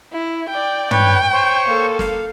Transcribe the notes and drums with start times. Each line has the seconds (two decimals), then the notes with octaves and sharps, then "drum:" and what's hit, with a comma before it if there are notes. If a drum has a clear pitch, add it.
0.12 E4
0.49 D5 G5
0.91 B4 C#5 G5, drum: tom
1.33 C5 C#5 C#6
1.68 A#3 A4
1.99 F5, drum: snare